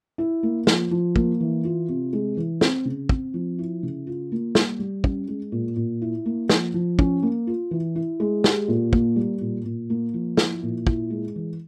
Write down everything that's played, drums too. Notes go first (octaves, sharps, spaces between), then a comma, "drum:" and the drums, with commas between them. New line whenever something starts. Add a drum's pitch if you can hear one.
E4
A#3
F3, drum: snare
F3
A#3, drum: kick
E3
F4
C3
G#3
E3
C4, drum: snare
C#3
C4, drum: kick
F3
E4
C#3
F4
A#3
G3, drum: snare
G3
C#4, drum: kick
G#3
A#2
A#2
E4
A#3
F3, drum: snare
F3
C#4, drum: kick
A#3
F4
E3
E4
G#3
G4, drum: snare
A#2
A#3, drum: kick
G3
A#2
A#2
A#3
F3
E4, drum: snare
A#2
E4, drum: kick
G#3
E3